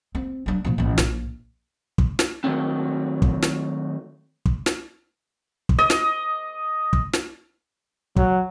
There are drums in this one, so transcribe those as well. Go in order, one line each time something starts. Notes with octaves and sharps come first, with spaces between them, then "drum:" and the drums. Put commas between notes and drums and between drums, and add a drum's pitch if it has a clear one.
C4
F#3 D4
A#2 F3
A1 E3
A#1, drum: snare
drum: kick
drum: snare
D#3 F#3 A3 C4
drum: kick
drum: snare
drum: kick
drum: snare
drum: kick
D#5
drum: snare
drum: kick
drum: snare
F#3, drum: kick